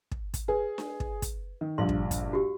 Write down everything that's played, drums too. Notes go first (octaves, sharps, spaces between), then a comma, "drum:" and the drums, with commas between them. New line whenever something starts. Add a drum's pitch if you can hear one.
drum: kick
drum: kick, hi-hat
G#4 B4
drum: snare D4
drum: kick
drum: kick, hi-hat
D#3
A#1 G2 F3 F5 C6
drum: kick
drum: kick, hi-hat
F#4 G4